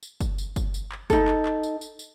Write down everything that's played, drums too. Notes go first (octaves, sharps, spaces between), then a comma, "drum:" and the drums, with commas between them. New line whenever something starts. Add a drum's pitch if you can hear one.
drum: tambourine
drum: kick, tambourine
drum: tambourine
drum: kick, tambourine
drum: tambourine
drum: clap
D#4 A4, drum: kick, tambourine
drum: clap
drum: clap
drum: tambourine
drum: tambourine
drum: tambourine